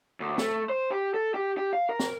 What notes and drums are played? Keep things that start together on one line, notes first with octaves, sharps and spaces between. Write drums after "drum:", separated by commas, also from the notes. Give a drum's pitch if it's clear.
D2
A3, drum: snare
C5
G4
A4
G4
G4
F5
A#4
drum: snare